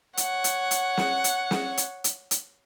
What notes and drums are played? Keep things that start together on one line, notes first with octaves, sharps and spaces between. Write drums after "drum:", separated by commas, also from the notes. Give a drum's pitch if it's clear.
C#5 F#5, drum: hi-hat
drum: hi-hat
drum: hi-hat
drum: snare
drum: hi-hat
drum: snare
drum: hi-hat
drum: hi-hat
drum: hi-hat